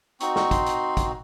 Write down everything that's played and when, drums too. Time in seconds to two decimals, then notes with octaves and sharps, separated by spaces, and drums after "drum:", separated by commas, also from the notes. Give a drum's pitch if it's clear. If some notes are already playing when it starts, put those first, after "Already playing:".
0.21 C4 D#4 F#4 C#6, drum: hi-hat
0.36 C#6, drum: snare
0.51 C6, drum: kick, hi-hat
0.66 drum: hi-hat
0.97 drum: kick, hi-hat